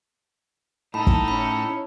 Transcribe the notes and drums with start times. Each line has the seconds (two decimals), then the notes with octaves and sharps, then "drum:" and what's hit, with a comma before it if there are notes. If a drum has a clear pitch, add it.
0.94 A2 D#4 A4 A5 B5
1.07 drum: kick
1.28 C#4 E4 C#5 B5